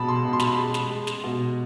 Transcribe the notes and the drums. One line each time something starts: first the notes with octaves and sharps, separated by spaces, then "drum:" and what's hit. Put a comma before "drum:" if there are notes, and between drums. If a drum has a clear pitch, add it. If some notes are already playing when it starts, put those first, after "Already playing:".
Already playing: B2 G#3 A5 B5
C6
B2
C6
B5, drum: snare
C6
G#3
drum: snare
G#3
drum: snare
B2